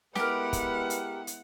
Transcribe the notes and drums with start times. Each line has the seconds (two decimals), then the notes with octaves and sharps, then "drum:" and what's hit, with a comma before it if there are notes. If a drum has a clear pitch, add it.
0.15 G#3 B3 E4 G4 A#4 B4 F#5, drum: snare
0.53 drum: kick, hi-hat
0.90 drum: hi-hat
1.27 drum: hi-hat